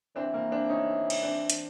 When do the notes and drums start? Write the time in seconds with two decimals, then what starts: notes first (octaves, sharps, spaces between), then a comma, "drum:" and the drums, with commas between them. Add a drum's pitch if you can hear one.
0.16 E3 C4 D4
0.33 A#3 C4
0.52 C4 D4
0.69 C#4 D#4
1.10 drum: cymbal
1.23 C4 D4
1.50 drum: hi-hat